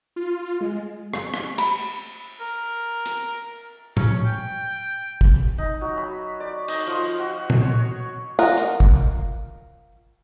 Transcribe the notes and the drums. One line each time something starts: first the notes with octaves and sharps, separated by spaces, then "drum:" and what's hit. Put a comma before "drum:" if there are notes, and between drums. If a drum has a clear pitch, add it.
F4
G#3
drum: rim click
drum: rim click
B5, drum: cymbal
A#4
drum: hi-hat
C#4, drum: tom A2
G5
drum: kick
D#4
F#3
B5
D5
D#4, drum: cymbal
F3
F#4
drum: tom
C#5
F4 A#4 D#5 F#5 A#5
drum: hi-hat
drum: kick